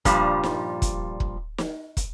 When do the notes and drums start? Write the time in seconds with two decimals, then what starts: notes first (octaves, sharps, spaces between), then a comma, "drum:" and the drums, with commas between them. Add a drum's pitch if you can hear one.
0.05 G2 A#2 F3 G3, drum: kick, hi-hat
0.43 drum: snare
0.82 drum: kick, hi-hat
1.20 drum: kick
1.58 drum: snare
1.97 drum: kick, hi-hat